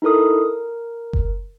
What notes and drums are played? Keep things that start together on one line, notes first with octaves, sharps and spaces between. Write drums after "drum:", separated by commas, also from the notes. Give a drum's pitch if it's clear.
D#4 E4 A4 A#4 D#6
A#4
drum: kick F#1